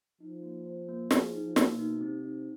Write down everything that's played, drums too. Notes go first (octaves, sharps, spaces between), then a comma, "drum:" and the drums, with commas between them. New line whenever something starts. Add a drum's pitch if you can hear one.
F3 D#4
A#3
C5
A#3
F3 G#4, drum: snare
D#4
F3
A#3, drum: snare
B2
D#4
C3 C4
D#4